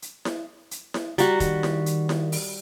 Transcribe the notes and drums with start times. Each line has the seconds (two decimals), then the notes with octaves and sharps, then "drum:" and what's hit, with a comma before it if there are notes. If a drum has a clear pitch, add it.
0.02 drum: hi-hat
0.25 drum: snare E4
0.71 drum: hi-hat
0.94 drum: snare E4
1.18 G3 F#4 A#5, drum: hi-hat
1.40 D#3, drum: kick F1, hi-hat
1.63 drum: snare E4
1.86 drum: hi-hat
2.09 drum: snare E4
2.32 drum: open hi-hat